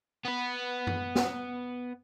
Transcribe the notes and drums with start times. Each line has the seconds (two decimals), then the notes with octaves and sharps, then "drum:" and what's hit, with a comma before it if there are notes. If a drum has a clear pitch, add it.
0.25 B3 B4
0.87 drum: tom F#2
1.15 drum: snare